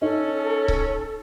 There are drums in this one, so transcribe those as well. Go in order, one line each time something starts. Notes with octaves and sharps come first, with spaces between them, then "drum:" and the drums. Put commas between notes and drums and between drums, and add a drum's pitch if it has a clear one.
C#4 D#4 A4
drum: kick C#1